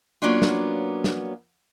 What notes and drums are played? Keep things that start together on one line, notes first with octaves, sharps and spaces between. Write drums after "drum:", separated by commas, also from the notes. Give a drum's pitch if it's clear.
F#3 A#3 B3 C#4 D4 F4
drum: snare
drum: snare